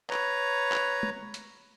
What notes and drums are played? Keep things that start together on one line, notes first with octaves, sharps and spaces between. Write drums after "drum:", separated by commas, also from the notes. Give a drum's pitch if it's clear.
B4 C#5 A#5, drum: clap
drum: clap
drum: tom
drum: hi-hat